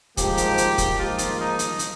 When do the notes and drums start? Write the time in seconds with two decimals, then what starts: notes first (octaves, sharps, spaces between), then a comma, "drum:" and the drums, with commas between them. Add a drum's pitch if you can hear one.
0.17 G#2 F3 A#3 G4, drum: kick, hi-hat
0.37 drum: hi-hat
0.58 drum: hi-hat
0.78 drum: kick, hi-hat
0.98 G#2 F3 A#3 D#4 F4
1.18 drum: hi-hat
1.39 D#4
1.59 drum: hi-hat
1.79 drum: hi-hat